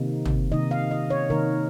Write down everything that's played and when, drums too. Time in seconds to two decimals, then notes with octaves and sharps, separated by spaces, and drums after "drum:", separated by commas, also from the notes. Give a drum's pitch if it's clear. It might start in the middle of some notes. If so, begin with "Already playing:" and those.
Already playing: C3 D#3 A#3 D#4
0.25 drum: tom
0.52 C3 D#3 A#3 D#4 D#5
0.71 F5
0.91 D#5
1.10 C#5
1.30 C3 D#3 A#3 D#4 A#4